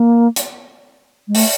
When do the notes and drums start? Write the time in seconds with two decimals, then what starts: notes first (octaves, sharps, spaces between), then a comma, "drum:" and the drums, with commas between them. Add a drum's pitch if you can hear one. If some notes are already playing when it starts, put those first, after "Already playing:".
Already playing: A#3
0.36 drum: hi-hat
1.27 G#3
1.35 A3, drum: open hi-hat